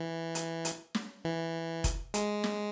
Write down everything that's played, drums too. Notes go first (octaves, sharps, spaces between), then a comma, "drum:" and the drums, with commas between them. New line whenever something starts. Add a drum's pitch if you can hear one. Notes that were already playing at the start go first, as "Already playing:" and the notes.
Already playing: E3
drum: hi-hat
drum: hi-hat
drum: snare
E3
drum: kick F1, hi-hat
G#3, drum: hi-hat
drum: snare